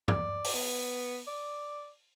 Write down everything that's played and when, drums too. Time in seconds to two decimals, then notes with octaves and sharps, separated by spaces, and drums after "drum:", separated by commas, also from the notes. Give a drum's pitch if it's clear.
0.08 D5, drum: tom G2
0.44 drum: open hi-hat
0.54 B3
1.28 D5